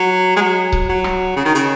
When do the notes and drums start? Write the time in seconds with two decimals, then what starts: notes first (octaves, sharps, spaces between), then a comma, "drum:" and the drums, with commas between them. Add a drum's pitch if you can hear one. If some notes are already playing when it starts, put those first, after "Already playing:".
Already playing: F#3
0.36 G#3
0.41 F#3
0.72 drum: kick C#1
0.89 F#3
1.04 drum: rim click
1.36 C#3
1.45 D#3
1.55 C#3, drum: hi-hat